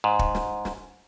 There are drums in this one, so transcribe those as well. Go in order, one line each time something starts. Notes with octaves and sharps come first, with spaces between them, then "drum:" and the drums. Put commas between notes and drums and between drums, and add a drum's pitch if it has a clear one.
G#2
drum: kick
drum: snare
drum: snare